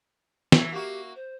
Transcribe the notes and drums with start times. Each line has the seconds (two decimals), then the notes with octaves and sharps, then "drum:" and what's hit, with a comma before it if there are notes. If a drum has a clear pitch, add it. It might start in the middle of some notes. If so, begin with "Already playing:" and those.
0.52 E3 F#3, drum: snare
0.72 A#3 F#4 G4
1.15 C5